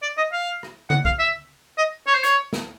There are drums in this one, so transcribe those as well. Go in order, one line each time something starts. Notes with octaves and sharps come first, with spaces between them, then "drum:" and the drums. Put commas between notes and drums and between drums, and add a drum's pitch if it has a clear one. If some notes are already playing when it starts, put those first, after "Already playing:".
D5
D#5
F5
drum: rim click
F#5, drum: tom C#3
F5, drum: kick
E5
D#5
C#5
C5
C#5, drum: hi-hat
drum: snare